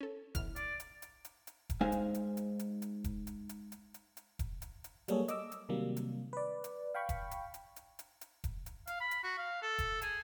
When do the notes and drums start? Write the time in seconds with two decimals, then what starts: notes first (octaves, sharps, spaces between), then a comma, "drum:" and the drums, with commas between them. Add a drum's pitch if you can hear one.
0.01 C#4 A4
0.35 B1 E3 F6, drum: kick E1, hi-hat
0.56 D5, drum: hi-hat
0.80 drum: hi-hat
1.02 drum: hi-hat
1.25 drum: hi-hat
1.47 drum: hi-hat
1.70 drum: kick E1, hi-hat
1.81 G#3 D#4 C5 F5 G#5
1.92 drum: hi-hat
2.14 drum: hi-hat
2.37 drum: hi-hat
2.59 drum: hi-hat
2.82 drum: hi-hat
3.04 drum: kick E1, hi-hat
3.27 drum: hi-hat
3.49 drum: hi-hat
3.72 drum: hi-hat
3.94 drum: hi-hat
4.17 drum: hi-hat
4.39 drum: kick E1, hi-hat
4.62 drum: hi-hat
4.84 drum: hi-hat
5.08 F#3 G3 A#3 G#4 A4 C#5, drum: hi-hat
5.28 D#5 D6 E6, drum: hi-hat
5.52 drum: hi-hat
5.69 C3 D#3 F#3 G3 A#3
5.97 drum: hi-hat
6.33 B4 D5
6.64 drum: hi-hat
6.95 F5 G5 B5 C#6
7.09 drum: kick E1, hi-hat
7.31 drum: hi-hat
7.54 drum: hi-hat
7.76 drum: hi-hat
7.99 drum: hi-hat
8.21 drum: hi-hat
8.44 drum: kick E1, hi-hat
8.66 drum: hi-hat
8.87 F5, drum: hi-hat
9.01 B5
9.11 drum: hi-hat
9.23 F#4
9.38 F5
9.62 A4
9.79 drum: kick E1, hi-hat
10.02 G#4, drum: hi-hat